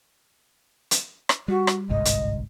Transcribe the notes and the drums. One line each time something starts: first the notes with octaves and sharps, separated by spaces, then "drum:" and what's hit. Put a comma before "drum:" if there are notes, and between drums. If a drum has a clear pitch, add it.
drum: hi-hat
drum: rim click
G3 F#4
drum: rim click
G1 C2 G#2 D#5
drum: hi-hat